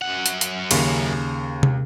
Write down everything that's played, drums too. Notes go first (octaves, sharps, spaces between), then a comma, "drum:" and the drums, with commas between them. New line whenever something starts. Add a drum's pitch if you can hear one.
F#2 F#5
drum: hi-hat
drum: hi-hat
D#2 C#3, drum: cymbal
drum: tom